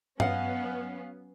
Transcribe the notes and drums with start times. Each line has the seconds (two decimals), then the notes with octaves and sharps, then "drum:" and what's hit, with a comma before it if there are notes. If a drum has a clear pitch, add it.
0.20 F#3 B3 C#4 D#5 F5 F#5, drum: tom G2